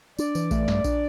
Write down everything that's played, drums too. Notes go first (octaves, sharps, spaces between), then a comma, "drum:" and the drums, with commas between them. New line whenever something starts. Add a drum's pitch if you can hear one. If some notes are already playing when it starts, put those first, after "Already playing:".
D4 D5, drum: tambourine
E3, drum: tambourine
A3, drum: kick A#1, tambourine
G2, drum: snare
D4, drum: kick A#1, tambourine